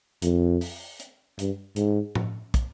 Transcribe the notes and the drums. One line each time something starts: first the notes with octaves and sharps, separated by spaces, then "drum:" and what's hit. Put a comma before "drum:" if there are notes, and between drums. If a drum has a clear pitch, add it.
F2, drum: hi-hat
drum: open hi-hat
drum: hi-hat
G2, drum: hi-hat
G#2, drum: hi-hat
drum: tom A2
drum: kick, hi-hat